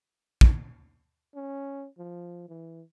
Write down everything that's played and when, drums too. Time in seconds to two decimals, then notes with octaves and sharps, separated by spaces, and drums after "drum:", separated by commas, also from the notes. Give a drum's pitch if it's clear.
0.41 drum: kick
1.35 C#4
1.98 F3
2.49 E3